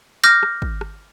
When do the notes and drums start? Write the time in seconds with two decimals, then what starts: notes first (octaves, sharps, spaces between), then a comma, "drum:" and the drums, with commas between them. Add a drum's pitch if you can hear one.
0.24 D6 F6 G6 A#6
0.43 drum: rim click
0.62 drum: kick
0.81 drum: rim click